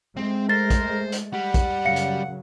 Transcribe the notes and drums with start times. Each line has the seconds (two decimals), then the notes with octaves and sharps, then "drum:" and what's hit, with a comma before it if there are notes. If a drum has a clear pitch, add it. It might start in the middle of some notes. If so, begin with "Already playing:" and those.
0.17 G#3 A3 C4
0.49 A#4 C5 A6
0.70 drum: kick, hi-hat
1.12 drum: hi-hat
1.33 G3 F#5
1.54 drum: kick, hi-hat
1.85 F#2 C#3 F#3 F5 C#7
1.96 drum: hi-hat